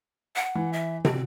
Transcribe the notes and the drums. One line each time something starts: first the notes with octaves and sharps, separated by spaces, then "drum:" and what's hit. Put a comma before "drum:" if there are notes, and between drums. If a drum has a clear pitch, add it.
F#5
E3
E5
C4 F#4, drum: tom